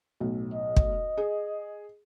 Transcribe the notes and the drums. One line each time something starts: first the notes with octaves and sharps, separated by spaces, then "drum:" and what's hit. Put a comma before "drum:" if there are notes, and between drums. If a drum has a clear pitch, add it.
B1 A2
D#5
drum: kick
G#4